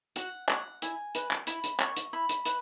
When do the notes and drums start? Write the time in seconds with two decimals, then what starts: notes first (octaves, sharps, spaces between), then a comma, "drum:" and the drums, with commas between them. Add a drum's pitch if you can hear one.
0.16 F#4 F#5, drum: hi-hat
0.49 C#5 F#5, drum: clap
0.82 E4 G#5, drum: hi-hat
1.15 B4, drum: hi-hat
1.31 drum: clap
1.47 E4 B5, drum: hi-hat
1.64 drum: hi-hat
1.80 C#5 C#6, drum: clap
1.97 drum: hi-hat
2.13 E4 B5
2.29 drum: hi-hat
2.46 B4, drum: hi-hat